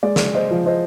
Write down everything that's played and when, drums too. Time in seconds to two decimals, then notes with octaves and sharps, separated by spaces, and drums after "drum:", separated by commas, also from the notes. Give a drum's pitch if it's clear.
0.03 G#3 D5
0.16 drum: snare
0.34 C5 D#5
0.51 F3
0.66 C5 D#5